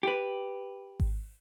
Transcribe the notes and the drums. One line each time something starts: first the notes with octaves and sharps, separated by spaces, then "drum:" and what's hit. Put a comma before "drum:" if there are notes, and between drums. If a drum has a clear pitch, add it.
G4 B4
drum: kick G#1